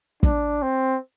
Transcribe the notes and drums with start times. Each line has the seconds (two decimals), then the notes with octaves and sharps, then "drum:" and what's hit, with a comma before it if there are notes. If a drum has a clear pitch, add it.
0.23 D4, drum: kick
0.62 C4